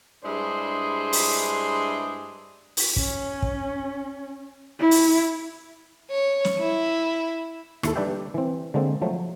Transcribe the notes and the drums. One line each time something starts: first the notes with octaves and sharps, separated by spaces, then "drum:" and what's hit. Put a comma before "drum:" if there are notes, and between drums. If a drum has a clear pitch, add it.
G2 G#3 D4 E4 G#4 C5
drum: open hi-hat
drum: open hi-hat
C#4, drum: kick
drum: kick
E4
drum: open hi-hat
C#5
drum: snare
E4
D#2 E4 A4, drum: rim click
G3 D4 B4 D5 E5 G5
E3 C4
D3 G#3 A#3 C4
F3 F#3 A3